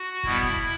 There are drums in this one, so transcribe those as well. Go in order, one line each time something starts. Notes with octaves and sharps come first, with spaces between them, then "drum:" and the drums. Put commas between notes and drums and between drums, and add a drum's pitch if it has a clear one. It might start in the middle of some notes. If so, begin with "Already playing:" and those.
Already playing: F#4
B2 G3 B3 E4, drum: kick
drum: kick